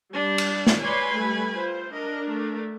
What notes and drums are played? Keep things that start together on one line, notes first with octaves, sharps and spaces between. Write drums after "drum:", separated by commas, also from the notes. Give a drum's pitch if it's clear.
G3 D4
drum: cymbal
drum: snare
B4 C#5 D5 G#5 C6
G3 A3
F4 C5
D4 A#4 D#5
A3